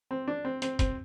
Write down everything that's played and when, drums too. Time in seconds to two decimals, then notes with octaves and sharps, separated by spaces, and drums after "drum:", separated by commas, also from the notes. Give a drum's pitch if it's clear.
0.11 C4
0.28 D4
0.45 C4
0.62 C4, drum: hi-hat
0.79 C4, drum: kick, hi-hat